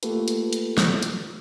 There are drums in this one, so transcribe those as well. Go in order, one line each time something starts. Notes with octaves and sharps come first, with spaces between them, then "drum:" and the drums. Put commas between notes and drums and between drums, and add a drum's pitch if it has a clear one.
A3 A#3 F4 G4 A4 B4, drum: hi-hat
drum: hi-hat
drum: hi-hat
drum: snare
drum: hi-hat